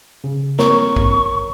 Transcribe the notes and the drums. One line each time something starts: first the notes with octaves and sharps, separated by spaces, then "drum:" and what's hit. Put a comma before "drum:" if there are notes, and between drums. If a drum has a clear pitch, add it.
C#3
A#3 C4 A#4 C#5 C#6, drum: snare
drum: kick A#1